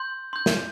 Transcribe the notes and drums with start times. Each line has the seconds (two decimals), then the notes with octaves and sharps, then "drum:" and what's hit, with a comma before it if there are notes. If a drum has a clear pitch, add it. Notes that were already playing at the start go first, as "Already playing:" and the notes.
Already playing: C6 G6
0.33 C6 G6
0.46 drum: snare